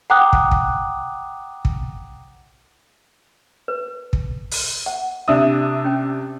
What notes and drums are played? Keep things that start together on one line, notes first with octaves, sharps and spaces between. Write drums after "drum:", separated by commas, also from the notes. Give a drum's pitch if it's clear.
F#5 G5 A#5 D6 D#6 F#6
drum: kick
drum: kick
drum: kick
B4
drum: kick
drum: open hi-hat
F#5
C3 D4 E5 D#6 E6
C#4 G5